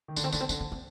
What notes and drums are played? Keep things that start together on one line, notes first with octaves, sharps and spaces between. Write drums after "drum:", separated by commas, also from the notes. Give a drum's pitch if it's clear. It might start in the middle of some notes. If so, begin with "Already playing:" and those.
D#3
D3 B3, drum: tambourine
D#3 C4
D3 B3, drum: tambourine
C4
D3 C#4, drum: tambourine
C#4
C4